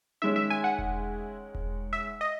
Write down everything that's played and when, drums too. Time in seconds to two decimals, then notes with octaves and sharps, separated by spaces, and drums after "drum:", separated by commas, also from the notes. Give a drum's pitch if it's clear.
0.22 D#3 G#3 C#4 E5
0.36 E5
0.50 G#5
0.64 F#5
0.79 drum: kick E1
1.55 drum: kick E1
1.93 E5
2.21 D#5